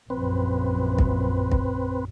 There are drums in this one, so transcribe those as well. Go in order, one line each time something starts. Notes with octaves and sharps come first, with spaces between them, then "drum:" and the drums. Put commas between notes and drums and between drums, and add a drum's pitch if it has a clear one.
A#1 F#2 C4 B4
drum: kick
drum: kick